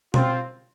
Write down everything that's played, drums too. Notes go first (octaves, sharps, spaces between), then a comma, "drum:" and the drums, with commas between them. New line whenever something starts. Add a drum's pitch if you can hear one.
C4 F4, drum: tom B2